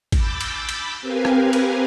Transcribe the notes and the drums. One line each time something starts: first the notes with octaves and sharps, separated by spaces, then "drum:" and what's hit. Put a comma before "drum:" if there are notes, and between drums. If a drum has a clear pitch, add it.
B5 D6 E6 G6 A6 B6, drum: kick G#1, cymbal
drum: cymbal
drum: cymbal
C4 G4 A#4 B4 F5 G#5
drum: rim click
drum: cymbal